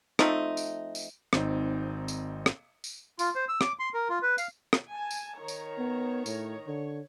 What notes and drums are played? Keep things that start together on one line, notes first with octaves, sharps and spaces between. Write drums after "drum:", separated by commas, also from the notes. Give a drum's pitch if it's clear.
F3 A3 C4 D#4, drum: rim click
drum: tambourine
drum: tambourine
G#1 C4 D#4, drum: rim click
drum: tambourine
drum: rim click
drum: tambourine
F4, drum: tambourine
C5
E6
D6, drum: rim click
C6
A#4
F4
B4
F5, drum: tambourine
drum: rim click
G#5 A5
drum: tambourine
D#3 C#5 A#5
drum: tambourine
B3
A2, drum: tambourine
D3 C#5